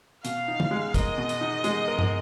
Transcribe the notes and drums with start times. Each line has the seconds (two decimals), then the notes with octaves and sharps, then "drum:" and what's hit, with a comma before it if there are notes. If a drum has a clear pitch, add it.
0.25 B2 F5, drum: hi-hat
0.48 D#4
0.60 drum: tom D3
0.71 G#3
0.94 A#4 D#5, drum: kick, hi-hat
1.18 B2
1.29 drum: hi-hat
1.41 D#4
1.64 G#3, drum: hi-hat
1.88 A#4
1.99 drum: tom